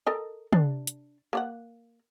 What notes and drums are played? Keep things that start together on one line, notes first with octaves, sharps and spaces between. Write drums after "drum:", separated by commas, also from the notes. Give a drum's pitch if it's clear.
A4 A#4 D#5
D4, drum: tom
drum: hi-hat
A#3 D5 F#5